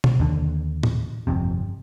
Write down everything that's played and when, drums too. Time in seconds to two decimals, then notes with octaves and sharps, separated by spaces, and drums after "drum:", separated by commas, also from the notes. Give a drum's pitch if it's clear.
0.04 drum: tom B2
0.20 D#2 D3
0.83 drum: tom A2
1.27 G1 F2 C3